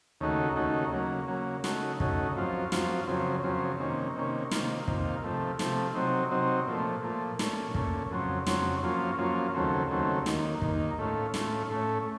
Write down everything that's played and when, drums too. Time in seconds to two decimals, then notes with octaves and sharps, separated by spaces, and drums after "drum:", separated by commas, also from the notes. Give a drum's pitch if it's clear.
0.20 D#2 C#3 A3 D#4 F#4
0.56 D#2 C#3 A3 D#4 F#4
0.92 C#3 F#3 A#3
1.28 C#3 F#3 A#3
1.64 C#3 A3 D#4 F#4, drum: snare
2.00 C#3 A3 D#4 F#4, drum: kick
2.36 F#2 F3 C4 F4
2.72 F#2 F3 C4 F4, drum: snare
3.08 F#2 C#3 F3 C4
3.44 F#2 C#3 F3 C4
3.79 C3 D#3 A#3 C#4
4.15 C3 D#3 A#3 C#4
4.51 C3 D#3 A#3 F4, drum: snare
4.88 C3 D#3 A#3 F4, drum: kick
5.23 C3 F3 A3
5.59 C3 F3 A3, drum: snare
5.95 C3 F#3 C4 D#4
6.31 C3 F#3 C4 D#4
6.67 A#2 F3 A3
7.03 A#2 F3 A3
7.39 A#2 A3 C#4, drum: snare
7.75 A#2 A3 C#4, drum: kick
8.11 F2 C#3 F#3 C4
8.46 F2 C#3 F#3 C4, drum: snare
8.83 F#2 F3 A#3 C#4 F4
9.18 F#2 F3 A#3 C#4 F4
9.55 D#2 C#3 F#3 A3 C4
9.91 D#2 C#3 F#3 A3 C4
10.26 D#2 D#3 A#3, drum: snare
10.62 D#2 D#3 A#3, drum: kick
10.98 A2 A3 C#4 F4
11.34 A2 A3 C#4 F4, drum: snare
11.70 A2 A3 C#4